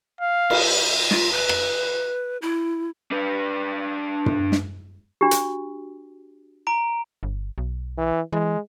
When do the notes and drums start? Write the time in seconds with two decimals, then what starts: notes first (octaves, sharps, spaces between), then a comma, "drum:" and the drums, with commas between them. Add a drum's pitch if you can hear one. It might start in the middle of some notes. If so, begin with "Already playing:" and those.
0.21 F5
0.50 drum: cymbal
1.11 F4, drum: snare
1.33 B4
1.49 drum: rim click
2.42 E4
3.12 D4 B4
4.26 drum: tom
4.52 drum: snare
5.21 D4 F#4 G4
5.31 drum: hi-hat
6.67 A#5 D7
7.23 G1
7.58 B1
7.98 E3
8.33 E3 G#3